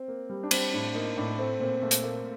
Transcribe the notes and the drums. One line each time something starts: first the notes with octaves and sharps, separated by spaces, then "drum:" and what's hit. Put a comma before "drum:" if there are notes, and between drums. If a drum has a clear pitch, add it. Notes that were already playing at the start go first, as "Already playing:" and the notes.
Already playing: C4
A#3
G3
D4
G3 C4, drum: cymbal
A2 D4
A#3 D#4
A2 D4
A3 C4
A#2 C4
A#2 A3
drum: hi-hat
A#3 A4